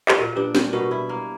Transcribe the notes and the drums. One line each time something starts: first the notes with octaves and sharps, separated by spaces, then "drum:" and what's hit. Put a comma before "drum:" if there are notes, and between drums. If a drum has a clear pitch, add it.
G4, drum: clap
A#2 F#4 A#4
D4 G4 B4
G3 F#4 A#4, drum: snare
B2 F#4 A#4
E4
A#3